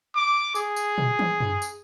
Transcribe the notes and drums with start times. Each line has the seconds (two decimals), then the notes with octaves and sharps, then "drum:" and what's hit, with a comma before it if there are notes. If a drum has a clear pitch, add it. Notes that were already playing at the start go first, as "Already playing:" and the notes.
0.15 D6
0.55 G#4, drum: tambourine
0.76 drum: tambourine
0.98 drum: tom
1.19 drum: tom
1.40 drum: tom F#2
1.62 drum: tambourine